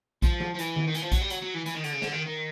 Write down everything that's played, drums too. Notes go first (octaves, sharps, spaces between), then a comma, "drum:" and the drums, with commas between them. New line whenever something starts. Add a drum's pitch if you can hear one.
F3, drum: kick, hi-hat
drum: tom F#3
F3
E3, drum: hi-hat
drum: tom D#3
D#3
E3, drum: hi-hat
F3
F#3, drum: kick, hi-hat
G3
F#3, drum: hi-hat
F#3
E3
E3, drum: hi-hat
D#3
D3, drum: hi-hat
C#3
D3, drum: snare
D#3
D#3